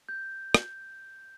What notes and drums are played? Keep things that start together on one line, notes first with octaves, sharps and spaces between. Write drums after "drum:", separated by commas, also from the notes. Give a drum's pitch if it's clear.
G6
drum: rim click